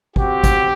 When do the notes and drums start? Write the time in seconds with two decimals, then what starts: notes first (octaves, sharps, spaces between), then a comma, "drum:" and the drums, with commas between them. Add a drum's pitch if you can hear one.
0.16 C4 F#4 G4, drum: kick
0.44 drum: kick, hi-hat